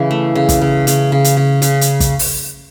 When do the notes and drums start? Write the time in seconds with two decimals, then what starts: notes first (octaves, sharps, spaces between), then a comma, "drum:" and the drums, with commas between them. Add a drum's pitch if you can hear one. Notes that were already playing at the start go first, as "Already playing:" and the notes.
Already playing: C#3 E3
0.11 A3
0.35 C#3
0.49 drum: kick, hi-hat
0.61 C#3
0.87 C#3, drum: hi-hat
1.12 C#3
1.24 drum: hi-hat
1.37 C#3
1.62 C#3, drum: hi-hat
1.81 drum: hi-hat
2.00 drum: kick, hi-hat
2.19 drum: open hi-hat